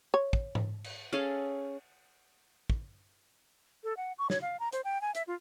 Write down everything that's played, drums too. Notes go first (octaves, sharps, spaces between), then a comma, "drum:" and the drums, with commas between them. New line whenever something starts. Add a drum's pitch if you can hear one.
C#5
drum: kick
drum: tom G#2
drum: cymbal
C#4 G#4 A4 F5
drum: kick
A4
F#5
C#6
C#5, drum: snare
F5
A#5
C5, drum: hi-hat
G5
G#5
E5, drum: hi-hat
F4